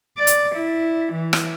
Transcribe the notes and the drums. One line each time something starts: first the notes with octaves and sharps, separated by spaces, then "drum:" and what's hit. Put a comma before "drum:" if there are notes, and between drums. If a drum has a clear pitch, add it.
D5
drum: hi-hat
E4
E3
drum: rim click